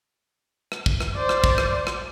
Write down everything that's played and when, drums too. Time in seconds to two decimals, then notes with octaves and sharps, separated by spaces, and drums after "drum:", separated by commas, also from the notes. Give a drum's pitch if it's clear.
0.72 drum: rim click
0.86 drum: kick
1.00 drum: rim click
1.15 C5 D5
1.29 drum: rim click
1.44 drum: kick
1.58 drum: rim click
1.87 drum: rim click